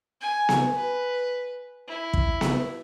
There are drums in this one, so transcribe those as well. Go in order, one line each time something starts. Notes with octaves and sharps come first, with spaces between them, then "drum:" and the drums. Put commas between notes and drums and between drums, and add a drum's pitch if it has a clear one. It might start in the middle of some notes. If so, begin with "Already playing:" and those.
G#5
drum: snare B3
B4
E4
drum: kick
drum: snare B3